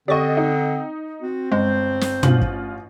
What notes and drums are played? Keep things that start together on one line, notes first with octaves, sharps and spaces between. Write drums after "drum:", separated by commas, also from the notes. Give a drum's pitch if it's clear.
D3 C4 G4 D5 D#5 C#6
D#4
C4 F#4
G1 G#3 C5
drum: snare
A1 G2 F4 F#7, drum: tom
drum: kick